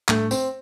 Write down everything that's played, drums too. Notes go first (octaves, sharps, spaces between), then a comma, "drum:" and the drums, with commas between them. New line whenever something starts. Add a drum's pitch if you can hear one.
A2 G3 A3 D4, drum: clap
C4, drum: tambourine